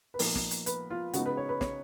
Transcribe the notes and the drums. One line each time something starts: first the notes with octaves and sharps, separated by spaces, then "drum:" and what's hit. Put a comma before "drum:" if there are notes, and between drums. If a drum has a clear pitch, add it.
B4
A#2 F3 B3 D#4 A#4, drum: open hi-hat
drum: snare
drum: hi-hat
B4, drum: hi-hat
F4
C#3 G#3 B3 D#4 F#4, drum: hi-hat
B4
C#5
B4
C#5, drum: snare